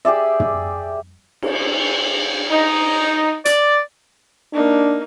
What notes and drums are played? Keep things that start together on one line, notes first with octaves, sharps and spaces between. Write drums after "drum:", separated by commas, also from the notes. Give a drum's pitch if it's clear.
G4 G#4 D5 E5
drum: tom
drum: cymbal
D#4
D5, drum: hi-hat
A#3 D4 D#4